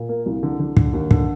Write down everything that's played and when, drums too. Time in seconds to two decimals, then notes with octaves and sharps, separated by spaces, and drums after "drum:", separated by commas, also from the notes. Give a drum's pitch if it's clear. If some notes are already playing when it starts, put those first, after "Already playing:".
Already playing: A#2
0.09 A#3
0.26 C2
0.43 D3
0.60 D3
0.77 D3, drum: kick
0.93 D#2
1.11 D3, drum: kick